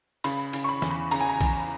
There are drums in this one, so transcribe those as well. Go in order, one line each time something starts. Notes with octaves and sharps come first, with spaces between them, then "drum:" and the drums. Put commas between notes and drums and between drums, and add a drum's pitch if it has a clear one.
C#3 B5, drum: cymbal
C#3, drum: cymbal
C#6
B5
E2, drum: snare
B5
C#3 A#5, drum: cymbal
G#5
A#5
E2, drum: kick, cymbal